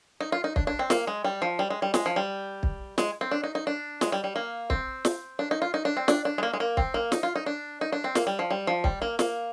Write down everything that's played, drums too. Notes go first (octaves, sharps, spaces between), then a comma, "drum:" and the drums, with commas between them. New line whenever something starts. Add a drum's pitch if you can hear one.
D#4
F4
D#4
D4, drum: kick
D4
C4
A#3, drum: snare
G#3
G3
F3
G3
G#3
G3
G#3, drum: snare
F3
G3
drum: kick
G#3, drum: snare
C4
D4
D#4
D#4
D4
G#3, drum: snare
G3
G3
A#3
C4, drum: kick
drum: snare
D4
D#4
F4
D#4
D4
C4
D4, drum: snare
D4
G#3
A#3
G#3
A#3
C4, drum: kick
A#3
D#4, drum: snare
F4
D#4
D4
D#4
D4
C4
A#3, drum: snare
G3
F3
G3
F3
G3, drum: kick
A#3
A#3, drum: snare